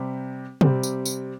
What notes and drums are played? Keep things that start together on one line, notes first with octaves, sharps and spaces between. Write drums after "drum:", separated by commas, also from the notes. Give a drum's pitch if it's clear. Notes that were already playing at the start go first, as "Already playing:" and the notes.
Already playing: C3 G3 C4
C3 G3 C4, drum: tom
drum: tambourine
drum: tambourine